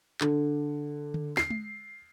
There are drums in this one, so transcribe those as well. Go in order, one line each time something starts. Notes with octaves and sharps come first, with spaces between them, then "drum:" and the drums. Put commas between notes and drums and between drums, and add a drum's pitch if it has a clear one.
D3, drum: clap
drum: tom D3
C7, drum: snare
drum: tom G#3